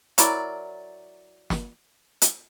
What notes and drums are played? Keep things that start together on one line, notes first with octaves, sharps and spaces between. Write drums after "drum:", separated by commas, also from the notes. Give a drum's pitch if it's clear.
F#3 E4 A#4 D5, drum: hi-hat
drum: snare
drum: hi-hat